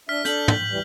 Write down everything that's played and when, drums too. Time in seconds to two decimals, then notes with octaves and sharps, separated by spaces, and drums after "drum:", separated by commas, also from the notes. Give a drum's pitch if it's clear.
0.09 D4 E5 F6 B6
0.25 D4 A4 G6 B6 F#7, drum: hi-hat
0.48 drum: tom
0.70 D2 E3 G3